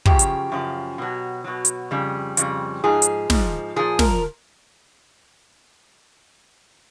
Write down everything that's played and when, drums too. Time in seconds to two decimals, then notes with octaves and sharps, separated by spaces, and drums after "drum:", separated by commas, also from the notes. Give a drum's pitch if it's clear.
0.06 F#2 C#3 F3 G4, drum: kick
0.19 drum: hi-hat
0.52 F#2 C#3 F3
0.98 B2 F#3
1.44 B2 F#3
1.65 drum: hi-hat
1.91 F2 C#3 G3
2.37 F2 C#3 G3, drum: hi-hat
2.84 G#2 F3 G#4
3.02 drum: hi-hat
3.30 G#2 F3, drum: snare
3.76 A#2 F3 G#4
3.99 A#4, drum: snare